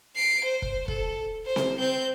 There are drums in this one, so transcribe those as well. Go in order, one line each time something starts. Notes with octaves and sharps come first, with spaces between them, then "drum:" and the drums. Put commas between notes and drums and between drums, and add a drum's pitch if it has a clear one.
C7 D7
C5
drum: kick
A4, drum: kick
C5
drum: snare C4
C4 G6